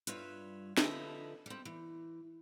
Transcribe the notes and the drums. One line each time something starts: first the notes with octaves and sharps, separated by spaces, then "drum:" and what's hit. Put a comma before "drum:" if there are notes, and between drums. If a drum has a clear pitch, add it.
G2 G3 F4 B4 C#5 E5, drum: hi-hat
D3 F3 D#4 B4 E5, drum: snare
G3 C4
E3